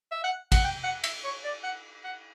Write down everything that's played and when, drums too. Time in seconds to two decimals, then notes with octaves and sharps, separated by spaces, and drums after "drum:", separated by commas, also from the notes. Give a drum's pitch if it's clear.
0.11 E5
0.24 F#5
0.52 F#5, drum: kick, cymbal
0.64 G5
0.84 F#5
1.04 E5, drum: cymbal
1.24 C#5
1.44 D5
1.63 F#5
2.04 F#5